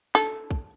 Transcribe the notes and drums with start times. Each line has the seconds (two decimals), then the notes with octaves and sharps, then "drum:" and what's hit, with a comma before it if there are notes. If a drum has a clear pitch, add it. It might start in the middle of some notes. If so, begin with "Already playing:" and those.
0.15 A4, drum: snare
0.51 drum: kick